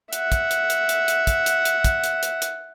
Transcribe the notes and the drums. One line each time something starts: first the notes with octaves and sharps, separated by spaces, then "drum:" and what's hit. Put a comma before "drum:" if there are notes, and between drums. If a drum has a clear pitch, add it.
E5 F#5, drum: hi-hat
drum: kick, hi-hat
drum: hi-hat
drum: hi-hat
drum: hi-hat
drum: hi-hat
drum: kick, hi-hat
drum: hi-hat
drum: hi-hat
drum: kick, hi-hat
drum: hi-hat
drum: hi-hat
drum: hi-hat